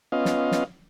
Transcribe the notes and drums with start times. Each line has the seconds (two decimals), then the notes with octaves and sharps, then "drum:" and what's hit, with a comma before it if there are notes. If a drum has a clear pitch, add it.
0.12 B3 C#4 F4 D#5 F5
0.25 drum: snare
0.52 drum: snare